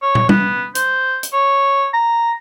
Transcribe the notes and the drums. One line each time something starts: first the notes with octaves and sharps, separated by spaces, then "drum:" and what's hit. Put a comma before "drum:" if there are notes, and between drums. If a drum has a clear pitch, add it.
C#5
drum: tom
B3, drum: tom
C5, drum: hi-hat
drum: hi-hat
C#5
A#5